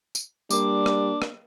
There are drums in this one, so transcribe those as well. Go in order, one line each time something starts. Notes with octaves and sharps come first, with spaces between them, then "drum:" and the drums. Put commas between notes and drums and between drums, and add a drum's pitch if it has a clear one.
drum: tambourine
G3 A#3 D4 A#4 D6, drum: tambourine
drum: rim click
drum: rim click